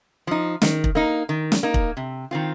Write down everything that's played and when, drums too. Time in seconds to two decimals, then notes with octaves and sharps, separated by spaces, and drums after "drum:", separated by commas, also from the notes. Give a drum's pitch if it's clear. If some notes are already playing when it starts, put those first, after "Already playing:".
0.27 F3 D#4
0.62 D#3, drum: snare
0.84 drum: kick
0.95 A#3 D#4
1.29 D#3
1.52 drum: snare
1.63 A#3 D#4
1.74 drum: kick
1.97 C3
2.31 D#3 C4 F4